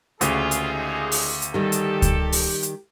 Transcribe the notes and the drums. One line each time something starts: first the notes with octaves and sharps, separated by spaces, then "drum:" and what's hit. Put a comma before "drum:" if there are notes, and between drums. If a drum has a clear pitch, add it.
D2 C#3 G#3 B3 F4 G4 G#4, drum: hi-hat
drum: hi-hat
A#2 F3 D#4
drum: open hi-hat
drum: hi-hat
D#3 G3 G4 A4
drum: hi-hat
drum: kick C#2, hi-hat
drum: open hi-hat
drum: hi-hat